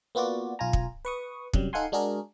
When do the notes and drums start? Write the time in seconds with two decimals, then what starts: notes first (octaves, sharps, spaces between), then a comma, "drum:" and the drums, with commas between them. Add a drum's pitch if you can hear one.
0.15 A#3 B3 F4 F#4 D5
0.59 B1 F4 G#5 A#5
0.73 drum: kick
1.05 B4 C#6 D#6
1.53 F#2 C3 F#3 G3, drum: kick
1.73 D#4 A4 F5 F#5 G#5 C6
1.92 G#3 D4 F#4 G#4 A#4